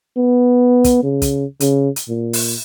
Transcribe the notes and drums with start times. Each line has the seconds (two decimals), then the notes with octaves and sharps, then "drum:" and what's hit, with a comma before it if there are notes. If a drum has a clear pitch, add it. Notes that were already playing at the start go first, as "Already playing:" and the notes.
0.17 B3
0.84 drum: kick, hi-hat
1.03 C#3
1.22 drum: kick, hi-hat
1.60 C#3, drum: hi-hat
1.96 drum: hi-hat
2.08 A#2
2.33 drum: open hi-hat